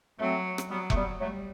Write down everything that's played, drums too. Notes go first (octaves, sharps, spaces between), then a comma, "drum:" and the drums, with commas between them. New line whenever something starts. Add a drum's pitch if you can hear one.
F#3 A3 C4
drum: rim click
F#3 G3 B3
A3, drum: kick F1
G3 B3
F#3 G3 A3